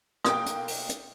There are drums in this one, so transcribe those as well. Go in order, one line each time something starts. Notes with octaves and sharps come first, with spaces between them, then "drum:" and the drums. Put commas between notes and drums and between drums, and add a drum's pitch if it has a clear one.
B1 A#3 G5 D#6, drum: rim click
drum: hi-hat
drum: open hi-hat
drum: hi-hat